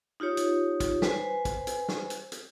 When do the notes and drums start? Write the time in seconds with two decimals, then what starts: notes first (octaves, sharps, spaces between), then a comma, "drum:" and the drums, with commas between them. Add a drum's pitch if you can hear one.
0.20 D#4 F4 G4 C#5
0.37 drum: hi-hat
0.80 drum: kick, hi-hat
1.02 B4 C5 G#5, drum: snare
1.45 drum: kick, hi-hat
1.67 drum: hi-hat
1.88 drum: snare
2.10 drum: hi-hat
2.32 drum: hi-hat